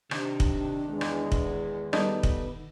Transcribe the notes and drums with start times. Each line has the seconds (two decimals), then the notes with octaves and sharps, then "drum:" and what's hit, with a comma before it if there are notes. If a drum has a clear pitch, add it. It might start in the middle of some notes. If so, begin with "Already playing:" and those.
0.11 C3 D#3 D4, drum: rim click
0.40 drum: kick
0.90 E2 G#3
1.01 drum: rim click
1.32 drum: kick
1.93 G3 A3 B3 D#4, drum: rim click
2.23 drum: kick